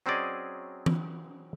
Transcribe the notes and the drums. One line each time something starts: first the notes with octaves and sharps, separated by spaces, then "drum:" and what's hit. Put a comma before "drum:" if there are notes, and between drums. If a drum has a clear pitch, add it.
F#3 C4 C#4 G#4 D5 D#5
drum: tom E3